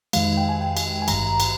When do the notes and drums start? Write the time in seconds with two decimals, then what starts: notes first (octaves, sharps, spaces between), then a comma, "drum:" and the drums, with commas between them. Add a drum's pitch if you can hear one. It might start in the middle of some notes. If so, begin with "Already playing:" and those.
0.13 F2 D#3 G#3 F5, drum: cymbal
0.37 G5
0.49 G#5
0.61 G5
0.77 drum: cymbal
1.02 G#5
1.08 G#1 G2 D#3 A#5, drum: cymbal
1.40 drum: cymbal